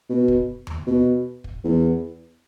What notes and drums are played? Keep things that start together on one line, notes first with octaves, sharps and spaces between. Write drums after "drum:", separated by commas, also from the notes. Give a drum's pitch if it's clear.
B2
drum: kick
drum: tom D#2
B2
drum: kick
E2